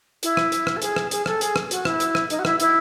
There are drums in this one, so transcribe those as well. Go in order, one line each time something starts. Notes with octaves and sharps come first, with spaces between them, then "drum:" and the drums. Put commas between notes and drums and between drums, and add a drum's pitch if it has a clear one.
E4, drum: hi-hat
drum: rim click
drum: hi-hat
drum: rim click
A4
G#4, drum: hi-hat
drum: rim click
G#4, drum: hi-hat
A4, drum: rim click
G#4, drum: hi-hat
drum: rim click
F#4, drum: hi-hat
E4, drum: rim click
drum: hi-hat
drum: rim click
D#4, drum: hi-hat
F#4
E4, drum: rim click
E4, drum: hi-hat